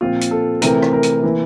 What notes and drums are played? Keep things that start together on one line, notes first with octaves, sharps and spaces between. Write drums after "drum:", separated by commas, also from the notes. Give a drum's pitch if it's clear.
A#2 F3 C4 F4
drum: hi-hat
A4
C3 E3 A3 C4 A#4, drum: hi-hat
drum: rim click
A#4
drum: hi-hat
E3 A#3